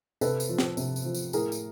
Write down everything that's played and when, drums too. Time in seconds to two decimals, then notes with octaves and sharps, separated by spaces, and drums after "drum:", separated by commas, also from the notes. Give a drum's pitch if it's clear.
0.21 C3 A4 B4, drum: tambourine
0.40 drum: tambourine
0.49 F3
0.59 drum: snare C4
0.77 C3, drum: tambourine
0.96 drum: tambourine
1.05 F3
1.15 drum: tambourine
1.33 A2 G#4 A#4, drum: tambourine
1.52 drum: tambourine